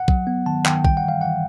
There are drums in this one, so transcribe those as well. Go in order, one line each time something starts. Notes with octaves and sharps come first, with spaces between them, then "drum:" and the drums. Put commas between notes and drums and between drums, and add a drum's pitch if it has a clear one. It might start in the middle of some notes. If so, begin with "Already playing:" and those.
Already playing: F#5
F#3, drum: kick
B3
D#3 A5
D#3 G5, drum: clap
G3 G5, drum: kick
F#5
E3
F5
E3 F#5